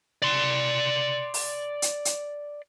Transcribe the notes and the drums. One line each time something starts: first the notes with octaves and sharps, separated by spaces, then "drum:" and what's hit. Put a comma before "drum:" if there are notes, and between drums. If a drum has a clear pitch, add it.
D5 C6
drum: open hi-hat
drum: hi-hat
drum: hi-hat